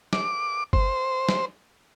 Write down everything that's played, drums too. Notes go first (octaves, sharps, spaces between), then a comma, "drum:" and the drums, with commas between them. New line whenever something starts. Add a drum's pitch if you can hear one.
D6, drum: snare
C5, drum: kick G1
drum: snare